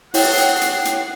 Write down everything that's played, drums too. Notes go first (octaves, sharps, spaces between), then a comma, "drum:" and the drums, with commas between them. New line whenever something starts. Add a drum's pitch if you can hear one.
E4 C#5 F#5 G5 C7, drum: open hi-hat
drum: hi-hat
drum: hi-hat
drum: hi-hat